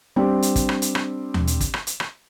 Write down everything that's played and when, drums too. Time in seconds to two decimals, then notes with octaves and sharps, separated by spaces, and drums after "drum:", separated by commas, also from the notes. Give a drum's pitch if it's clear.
0.16 G3 C4 D4 G4
0.42 drum: hi-hat
0.56 drum: kick, hi-hat
0.69 drum: rim click
0.82 drum: hi-hat
0.95 drum: rim click
1.34 drum: tom D#2
1.47 drum: hi-hat
1.60 drum: kick, hi-hat
1.74 drum: rim click
1.87 drum: hi-hat
2.00 drum: rim click